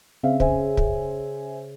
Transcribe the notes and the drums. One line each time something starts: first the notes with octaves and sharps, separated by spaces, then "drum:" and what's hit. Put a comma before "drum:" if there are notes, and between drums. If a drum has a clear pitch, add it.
C#3 C4 E5 F5
C#3 C5 E5 G#5, drum: kick
drum: kick